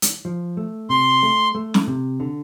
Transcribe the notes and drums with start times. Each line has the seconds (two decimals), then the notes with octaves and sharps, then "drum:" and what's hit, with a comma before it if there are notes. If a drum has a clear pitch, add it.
0.02 drum: hi-hat
0.25 F3
0.57 A3
0.89 C3 C6
1.23 A3
1.55 A3
1.74 drum: snare
1.87 C3
2.20 D3